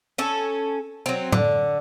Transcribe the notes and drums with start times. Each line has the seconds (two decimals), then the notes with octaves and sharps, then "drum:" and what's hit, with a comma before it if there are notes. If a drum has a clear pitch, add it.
0.18 C#4 A4
1.06 F#3 C4
1.32 D3, drum: tom A2